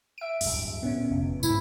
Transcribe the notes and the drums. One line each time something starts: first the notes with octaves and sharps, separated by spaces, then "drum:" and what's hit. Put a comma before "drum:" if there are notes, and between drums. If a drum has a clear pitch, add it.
E5 D7
D1 G2, drum: open hi-hat
A#2 B3 C#4
F1
G#2 G#3 E4, drum: tambourine